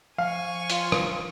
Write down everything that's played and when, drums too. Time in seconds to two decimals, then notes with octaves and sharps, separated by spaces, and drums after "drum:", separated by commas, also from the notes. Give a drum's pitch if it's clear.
0.18 F3 F5 G#5 C#6
0.70 F4, drum: hi-hat
0.92 drum: rim click